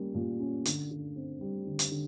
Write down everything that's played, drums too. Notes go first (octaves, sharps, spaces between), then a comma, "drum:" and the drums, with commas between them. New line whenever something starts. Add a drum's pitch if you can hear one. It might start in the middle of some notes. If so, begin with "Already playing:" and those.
Already playing: G3 A#3 C#4
A#2
C#4
D3, drum: hi-hat
D3
C4
G3
D3
drum: hi-hat
D3